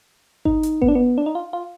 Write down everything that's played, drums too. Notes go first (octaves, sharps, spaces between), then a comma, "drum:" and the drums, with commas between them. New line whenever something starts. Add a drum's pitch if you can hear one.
D#4, drum: kick G#1
drum: hi-hat
B3, drum: kick G#1
D4
B3
D4
D#4
F4
F4